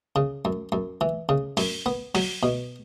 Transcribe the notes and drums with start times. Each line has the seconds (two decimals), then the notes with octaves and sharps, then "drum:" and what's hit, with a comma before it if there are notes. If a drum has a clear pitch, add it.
0.16 C#3
0.45 F#2
0.72 F#2
1.01 E3
1.29 C#3
1.57 F#2, drum: open hi-hat
1.86 B3
2.15 F#3, drum: open hi-hat
2.43 B2